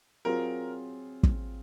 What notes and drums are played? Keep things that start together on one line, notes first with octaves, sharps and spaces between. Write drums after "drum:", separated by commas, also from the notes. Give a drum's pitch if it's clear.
F#3 C4 F4 G#4 A#4
drum: kick